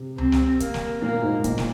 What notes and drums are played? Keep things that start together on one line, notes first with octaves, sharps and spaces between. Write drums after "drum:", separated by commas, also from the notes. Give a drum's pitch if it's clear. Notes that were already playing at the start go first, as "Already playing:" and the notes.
Already playing: C3
C4, drum: tom C#2
drum: snare
A#3, drum: kick, hi-hat
drum: snare
A#2 A#3
G#2
A#2, drum: kick, hi-hat
drum: snare